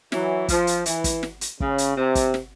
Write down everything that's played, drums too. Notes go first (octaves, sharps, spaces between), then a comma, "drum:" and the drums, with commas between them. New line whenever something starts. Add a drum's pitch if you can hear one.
E3 F#3, drum: snare
F3, drum: kick, hi-hat
drum: hi-hat
E3, drum: hi-hat
drum: kick, hi-hat
drum: snare
drum: hi-hat
C#3, drum: kick
drum: hi-hat
C3
drum: kick, hi-hat
drum: snare